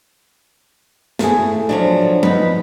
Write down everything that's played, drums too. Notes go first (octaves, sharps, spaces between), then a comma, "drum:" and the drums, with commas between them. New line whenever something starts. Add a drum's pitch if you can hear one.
A3 E4 G#4, drum: snare
F3 F#3 D4
D#4 B4, drum: tom F3